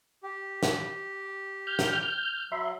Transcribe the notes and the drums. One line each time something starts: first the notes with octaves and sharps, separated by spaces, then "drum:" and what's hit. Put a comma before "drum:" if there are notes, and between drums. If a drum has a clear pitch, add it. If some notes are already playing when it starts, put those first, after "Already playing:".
G4
drum: snare
F6 G6
drum: snare
F#3 E5 B5 C6